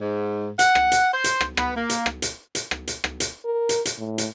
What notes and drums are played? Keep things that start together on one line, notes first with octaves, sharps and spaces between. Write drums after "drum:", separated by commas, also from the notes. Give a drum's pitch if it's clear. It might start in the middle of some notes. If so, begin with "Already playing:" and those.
G#2
F#5, drum: hi-hat
drum: rim click
drum: hi-hat
C5
drum: hi-hat
drum: rim click
B3, drum: rim click
A#3
drum: hi-hat
drum: rim click
drum: hi-hat
drum: hi-hat
drum: rim click
drum: hi-hat
drum: rim click
drum: hi-hat
A#4
drum: hi-hat
drum: hi-hat
A2
drum: hi-hat